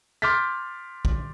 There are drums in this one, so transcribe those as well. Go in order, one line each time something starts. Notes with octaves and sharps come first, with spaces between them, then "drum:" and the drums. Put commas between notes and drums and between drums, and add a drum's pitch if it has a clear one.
C6 D6 F6 G6 A6 B6
drum: kick